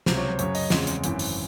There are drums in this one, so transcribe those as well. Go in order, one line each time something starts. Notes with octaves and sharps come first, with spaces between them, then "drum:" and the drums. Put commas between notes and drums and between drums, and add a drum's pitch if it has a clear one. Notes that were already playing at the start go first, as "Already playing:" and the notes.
C#2 C3 F#3 C5, drum: snare
C#5
C5
F#2 C#3 F#3 C#5, drum: hi-hat
D#5, drum: open hi-hat
E2 C#3 G#3 C4 C#5, drum: snare
drum: hi-hat
G#1 F#2 E3 C4, drum: hi-hat
drum: open hi-hat